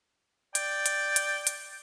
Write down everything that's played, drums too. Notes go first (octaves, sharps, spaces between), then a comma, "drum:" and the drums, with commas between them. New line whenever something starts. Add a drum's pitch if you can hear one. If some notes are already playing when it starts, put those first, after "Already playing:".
D5 G5, drum: hi-hat
drum: hi-hat
drum: hi-hat
drum: hi-hat